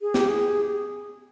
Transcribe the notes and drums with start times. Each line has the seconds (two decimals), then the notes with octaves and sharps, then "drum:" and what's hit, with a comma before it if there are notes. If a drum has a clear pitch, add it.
0.02 G#4
0.14 G4, drum: snare
0.28 G#4